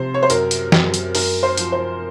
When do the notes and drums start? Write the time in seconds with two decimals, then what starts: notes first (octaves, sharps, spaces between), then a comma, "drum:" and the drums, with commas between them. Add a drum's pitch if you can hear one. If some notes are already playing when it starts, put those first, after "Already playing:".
Already playing: C3 F3 C5
0.14 C#5
0.23 C5
0.30 F#2 A#4, drum: hi-hat
0.51 drum: hi-hat
0.72 F#2, drum: snare
0.94 drum: hi-hat
1.15 F#2 A#4, drum: open hi-hat
1.43 C5
1.57 F3, drum: hi-hat
1.72 C5